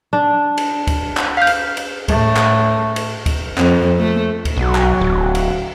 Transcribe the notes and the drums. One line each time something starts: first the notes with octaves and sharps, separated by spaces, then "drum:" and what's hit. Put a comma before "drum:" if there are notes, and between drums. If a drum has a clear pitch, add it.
D4
drum: cymbal
drum: kick D2, cymbal
drum: clap
F5 G6 B6
drum: cymbal
drum: cymbal
A2 A3, drum: kick D2, cymbal
drum: clap
drum: cymbal
drum: kick D2, cymbal
F2, drum: clap
A3
drum: kick D2, cymbal
B1 F#3
drum: clap
D1
drum: cymbal